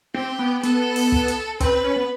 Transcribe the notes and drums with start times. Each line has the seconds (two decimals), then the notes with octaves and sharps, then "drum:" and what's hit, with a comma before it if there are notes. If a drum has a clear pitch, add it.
0.14 C4 G4
0.39 B3
0.63 B3 A4, drum: hi-hat
0.96 drum: open hi-hat
1.12 drum: kick
1.28 drum: hi-hat
1.60 C4 B4, drum: kick, hi-hat
1.72 C4
1.84 C#4
1.96 B3